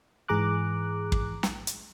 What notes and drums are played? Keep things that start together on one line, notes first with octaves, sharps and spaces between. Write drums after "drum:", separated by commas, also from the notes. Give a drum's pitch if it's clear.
G#2 E3 G#4 A#5 D6 F#6
drum: kick
drum: snare
drum: hi-hat